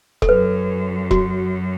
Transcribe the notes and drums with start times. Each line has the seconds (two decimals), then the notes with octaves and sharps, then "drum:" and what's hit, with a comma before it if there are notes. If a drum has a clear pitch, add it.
0.22 A4, drum: kick E1
0.29 F#2 B4
1.11 F#4, drum: kick E1